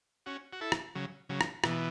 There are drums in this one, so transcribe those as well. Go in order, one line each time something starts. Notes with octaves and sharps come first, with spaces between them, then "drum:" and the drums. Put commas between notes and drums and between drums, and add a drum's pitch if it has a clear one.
C#4 F#4
F#4
E4 A4
drum: rim click
C#3 F#3
C#3 F#3
drum: rim click
B2 E3, drum: rim click